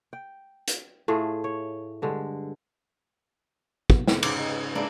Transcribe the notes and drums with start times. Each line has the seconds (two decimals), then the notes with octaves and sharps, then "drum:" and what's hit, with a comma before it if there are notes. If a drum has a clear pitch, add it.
0.13 G5
0.68 drum: hi-hat
1.08 A2 A3 F4 G#4
1.44 C#5
2.02 G2 D3 G#3
3.90 A#2 F#3 B3, drum: kick
4.08 D#3 B3 C4, drum: snare
4.23 G#2 C#3 C6 D6, drum: cymbal
4.39 D#5
4.75 G#3 A#3 D4 E4 G#4